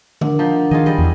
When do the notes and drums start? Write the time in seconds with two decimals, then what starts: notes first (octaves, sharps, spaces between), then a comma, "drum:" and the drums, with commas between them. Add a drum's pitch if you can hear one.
0.21 D4 A#4 F#5, drum: tom D3
0.39 F3 D#4
0.71 D#3 F4 G#4 D#5
0.86 G3 D#5
0.98 E2